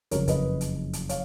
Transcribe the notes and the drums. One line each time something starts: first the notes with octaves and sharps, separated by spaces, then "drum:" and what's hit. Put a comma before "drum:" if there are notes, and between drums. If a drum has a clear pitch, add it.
F#1 F2 C#3 F#3 A#4 C#5, drum: hi-hat
B4 D#5, drum: kick, hi-hat
drum: hi-hat
drum: hi-hat
C#5 F5, drum: hi-hat